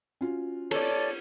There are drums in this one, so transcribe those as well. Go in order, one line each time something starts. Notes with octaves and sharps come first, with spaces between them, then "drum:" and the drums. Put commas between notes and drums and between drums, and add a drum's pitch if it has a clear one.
C#4 F4 F#4
A4 C#5 D5, drum: cymbal